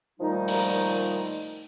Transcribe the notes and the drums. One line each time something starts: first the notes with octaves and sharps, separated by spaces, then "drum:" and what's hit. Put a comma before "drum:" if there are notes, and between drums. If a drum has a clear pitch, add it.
A#2 D#3 F3 G3 A3 D#4
drum: open hi-hat